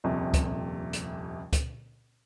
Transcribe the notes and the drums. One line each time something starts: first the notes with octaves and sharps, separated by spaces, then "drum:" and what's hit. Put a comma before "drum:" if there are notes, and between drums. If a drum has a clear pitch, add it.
D#1 A#1 F2 C3
drum: kick C#2, hi-hat
drum: hi-hat
drum: kick C#2, hi-hat